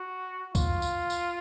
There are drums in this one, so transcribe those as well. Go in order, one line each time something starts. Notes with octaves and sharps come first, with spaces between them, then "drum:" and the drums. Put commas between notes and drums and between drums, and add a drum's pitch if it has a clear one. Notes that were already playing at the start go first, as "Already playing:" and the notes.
Already playing: F#4
F4, drum: kick, tambourine
drum: tambourine
drum: tambourine